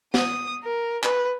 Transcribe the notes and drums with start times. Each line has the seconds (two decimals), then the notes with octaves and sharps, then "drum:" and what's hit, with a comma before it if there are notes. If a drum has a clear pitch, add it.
0.14 D#6, drum: snare
0.64 A#4
1.03 B4, drum: clap